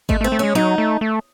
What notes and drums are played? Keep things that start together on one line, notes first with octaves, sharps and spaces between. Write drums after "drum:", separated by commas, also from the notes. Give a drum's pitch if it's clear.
G#3 A3, drum: kick G#1
A3
C4
A3
G#3 C#4
F#3 D#4
A3
A3